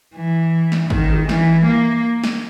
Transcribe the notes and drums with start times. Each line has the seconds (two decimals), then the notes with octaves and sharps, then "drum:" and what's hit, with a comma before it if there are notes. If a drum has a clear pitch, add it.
0.15 E3
0.72 drum: snare
0.90 D#3, drum: kick G#1
1.10 drum: tom
1.29 E3, drum: snare
1.67 A#3
2.24 drum: snare